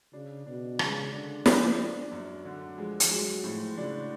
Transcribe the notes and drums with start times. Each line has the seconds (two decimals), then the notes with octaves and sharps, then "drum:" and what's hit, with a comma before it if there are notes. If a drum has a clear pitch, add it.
0.13 C#3 D4
0.46 B2 D4
0.79 C#3 G#3, drum: rim click
1.12 D3 D4
1.46 F3 D4, drum: snare
1.79 D4
2.12 F#2
2.45 D3
2.78 F3 G#3
3.00 drum: hi-hat
3.11 F#3 G#3
3.44 A2 F3
3.77 C#3 D4